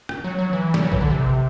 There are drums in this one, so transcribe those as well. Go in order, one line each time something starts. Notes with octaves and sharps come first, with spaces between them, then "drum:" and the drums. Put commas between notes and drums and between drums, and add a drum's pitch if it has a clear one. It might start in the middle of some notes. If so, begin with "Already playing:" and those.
drum: rim click
F#3
F#3
E3
G3, drum: snare
F#3
E3, drum: kick A1
D3
C3